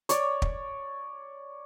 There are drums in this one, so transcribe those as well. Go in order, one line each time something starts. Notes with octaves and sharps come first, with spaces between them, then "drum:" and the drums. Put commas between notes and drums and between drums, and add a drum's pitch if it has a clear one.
C#5 D5, drum: hi-hat
drum: kick